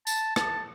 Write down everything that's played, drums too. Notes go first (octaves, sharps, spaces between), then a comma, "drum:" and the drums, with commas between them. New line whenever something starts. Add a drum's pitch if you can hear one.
A5, drum: tambourine
A5, drum: rim click